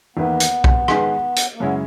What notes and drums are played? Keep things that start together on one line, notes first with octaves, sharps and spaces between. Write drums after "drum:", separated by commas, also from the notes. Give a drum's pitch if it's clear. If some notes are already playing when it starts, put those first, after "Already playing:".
E2 D#3 A#3 B3 E4 B4
drum: hi-hat
drum: kick B1
D#3 G#3 D#4 G#4 B4, drum: rim click
drum: hi-hat
A#3
F#2 C#3 G#3 B3 C#4 E4